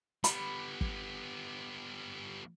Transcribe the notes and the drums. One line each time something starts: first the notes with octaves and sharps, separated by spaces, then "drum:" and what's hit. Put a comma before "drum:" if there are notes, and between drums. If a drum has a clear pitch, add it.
G3 B3 B5, drum: hi-hat
drum: kick